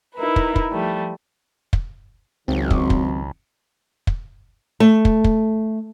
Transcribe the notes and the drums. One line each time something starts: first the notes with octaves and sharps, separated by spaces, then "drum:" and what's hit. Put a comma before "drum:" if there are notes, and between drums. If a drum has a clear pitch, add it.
D#4 E4 A#4 B4
drum: kick
drum: kick
F3 G3 A3
drum: kick
G#1 C#2 D#3 F#3 C4
drum: kick
drum: kick
drum: kick
A3
drum: kick
drum: kick